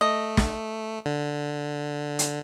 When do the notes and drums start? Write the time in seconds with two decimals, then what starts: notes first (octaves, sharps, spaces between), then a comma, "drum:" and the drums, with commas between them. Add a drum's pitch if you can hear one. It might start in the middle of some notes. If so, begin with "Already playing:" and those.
0.01 A3 D#5
0.37 drum: snare
1.06 D3
2.19 drum: hi-hat